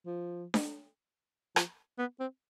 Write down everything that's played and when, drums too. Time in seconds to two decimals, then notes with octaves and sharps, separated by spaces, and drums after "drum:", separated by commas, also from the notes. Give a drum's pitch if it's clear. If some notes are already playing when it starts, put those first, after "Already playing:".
0.06 F3
0.54 drum: snare D4
1.56 F3, drum: rim click
1.98 B3
2.20 C4